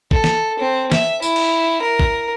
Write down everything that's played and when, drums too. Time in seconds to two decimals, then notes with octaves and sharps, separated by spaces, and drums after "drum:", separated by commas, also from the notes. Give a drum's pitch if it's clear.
0.11 A4, drum: kick A1
0.24 drum: snare
0.59 C4
0.92 E5, drum: snare
1.22 E4, drum: tambourine
1.36 drum: cymbal
1.82 A#4
2.00 drum: kick A1